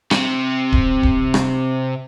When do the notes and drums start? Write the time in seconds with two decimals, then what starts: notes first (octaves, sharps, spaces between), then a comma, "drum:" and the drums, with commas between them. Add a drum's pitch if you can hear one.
0.11 C3 C4, drum: rim click
0.72 drum: kick D1
1.03 drum: kick D1
1.34 drum: rim click